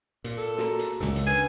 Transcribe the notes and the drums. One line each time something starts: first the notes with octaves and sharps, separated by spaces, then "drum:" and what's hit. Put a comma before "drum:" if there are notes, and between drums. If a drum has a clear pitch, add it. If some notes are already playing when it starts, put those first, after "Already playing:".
A#2, drum: hi-hat
A4
F#4 G#4 A#5, drum: snare
drum: hi-hat
C#2 A#2 E6, drum: snare
drum: hi-hat
C#4 D4 B4 G#5